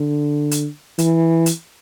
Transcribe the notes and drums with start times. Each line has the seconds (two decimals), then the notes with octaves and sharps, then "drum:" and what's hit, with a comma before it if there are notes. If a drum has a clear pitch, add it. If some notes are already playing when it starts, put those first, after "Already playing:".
Already playing: D3
0.51 drum: hi-hat
0.98 E3, drum: hi-hat
1.46 drum: hi-hat